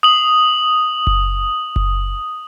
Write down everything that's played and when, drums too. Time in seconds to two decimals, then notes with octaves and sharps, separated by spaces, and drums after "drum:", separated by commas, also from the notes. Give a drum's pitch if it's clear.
0.03 D#6 F#7
1.07 drum: kick F#1
1.76 drum: kick F#1